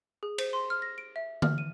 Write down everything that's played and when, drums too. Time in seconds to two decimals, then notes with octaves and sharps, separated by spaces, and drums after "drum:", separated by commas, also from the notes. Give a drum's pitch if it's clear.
0.23 G#4
0.38 C5, drum: cymbal
0.53 C6
0.70 F6
0.82 A#6
0.98 D7
1.16 E5
1.42 F6, drum: tom D3
1.58 D#7